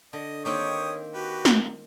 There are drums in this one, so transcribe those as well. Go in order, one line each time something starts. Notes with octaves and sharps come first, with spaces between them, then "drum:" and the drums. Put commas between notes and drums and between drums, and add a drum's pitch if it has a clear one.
D3 D#5
D#3 A#3 C4 G4 C#5 C#6 D#6
F#4 G4 B4
drum: snare